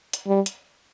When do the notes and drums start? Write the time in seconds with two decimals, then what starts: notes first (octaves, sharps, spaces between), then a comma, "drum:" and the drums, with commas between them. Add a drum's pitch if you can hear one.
0.13 drum: hi-hat
0.27 G3
0.46 drum: hi-hat